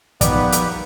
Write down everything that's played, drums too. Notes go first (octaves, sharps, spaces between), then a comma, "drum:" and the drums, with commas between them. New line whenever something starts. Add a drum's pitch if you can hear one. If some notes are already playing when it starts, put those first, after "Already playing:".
F3 G3 A#3 B3 D#4 G4 B4 D5, drum: kick, hi-hat
drum: hi-hat